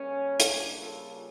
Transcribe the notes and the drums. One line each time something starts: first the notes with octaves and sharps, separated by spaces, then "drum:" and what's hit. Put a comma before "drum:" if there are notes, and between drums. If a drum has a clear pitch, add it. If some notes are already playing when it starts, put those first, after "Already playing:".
Already playing: C#3 G3 A#3 C#4
D4, drum: hi-hat
F4 A4